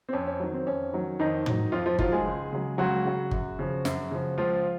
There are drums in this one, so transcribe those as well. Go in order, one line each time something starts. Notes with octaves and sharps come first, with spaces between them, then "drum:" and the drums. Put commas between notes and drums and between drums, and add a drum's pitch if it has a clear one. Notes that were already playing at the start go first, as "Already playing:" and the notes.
C4
F2 C#4
C#4
D#3 F#3
C4
F2 C#4
D#3 F#3
F2 D#3 D#4
D#3 F#3, drum: tom
F2 F3 F4
F3 F4
D#3 F3 F#3 F4, drum: kick G1
G#3 G#4
C#2
C#3 F#3
C#2 F#3 F#4
C#3 F#3
F#2, drum: kick G1
C#3 F3
F#2, drum: snare
C#3 F3
C#2 F3 F4